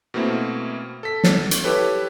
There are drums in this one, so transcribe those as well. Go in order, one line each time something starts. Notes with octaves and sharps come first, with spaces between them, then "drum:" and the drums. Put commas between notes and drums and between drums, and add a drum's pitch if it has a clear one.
B2 A3 A#3 C4 E4
A4 B6
drum: snare
drum: hi-hat
E4 G4 A4 B4 C#5